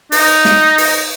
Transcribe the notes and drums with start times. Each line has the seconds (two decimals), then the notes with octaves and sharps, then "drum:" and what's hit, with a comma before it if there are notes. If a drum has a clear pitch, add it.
0.12 D#4, drum: open hi-hat
0.45 drum: snare
0.78 drum: open hi-hat